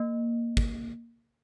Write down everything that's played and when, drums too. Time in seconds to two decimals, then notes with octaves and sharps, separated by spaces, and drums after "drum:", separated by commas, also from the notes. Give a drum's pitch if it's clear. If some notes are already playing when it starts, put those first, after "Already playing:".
Already playing: A#3
0.57 drum: kick